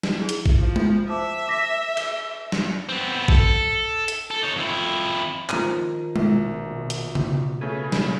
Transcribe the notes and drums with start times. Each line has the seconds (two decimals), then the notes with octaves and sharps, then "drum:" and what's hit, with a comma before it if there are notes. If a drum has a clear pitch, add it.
0.03 drum: snare
0.19 E4 G#4
0.29 drum: hi-hat
0.46 drum: kick A1
0.59 F3
0.76 drum: tom G#3
1.09 C5 E5 A5 D6
1.48 D6 A#6 B6
1.97 G7, drum: cymbal
2.52 drum: snare
2.89 B3 C4
3.28 A4, drum: kick A1
4.08 drum: hi-hat
4.31 A4
4.43 D#4 C#5
4.56 F2 E4
5.49 D#3 F3 A#5 D#7, drum: clap
6.16 A#1 B2, drum: tom G#3
6.90 drum: hi-hat
7.15 drum: tom C#3
7.61 C#3 A3 B4 G#5
7.92 drum: snare